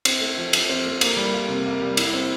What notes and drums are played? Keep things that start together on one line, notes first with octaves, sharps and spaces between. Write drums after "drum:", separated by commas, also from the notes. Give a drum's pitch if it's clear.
C4, drum: cymbal
A3
F3
F3, drum: cymbal
C4
A3
A#3, drum: cymbal
G3
F4
C3
A#3
G3
E4, drum: cymbal
C4